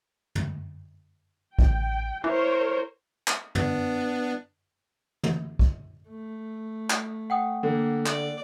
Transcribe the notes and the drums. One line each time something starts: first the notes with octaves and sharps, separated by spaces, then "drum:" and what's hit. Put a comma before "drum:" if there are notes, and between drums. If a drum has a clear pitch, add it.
drum: tom
A1 G5, drum: kick
E4 A#4 C5 C#5
drum: clap
B3 D4, drum: tom
drum: tom
drum: kick
A3
drum: clap
F#5 G5 D#6
D3 A#3
D5, drum: clap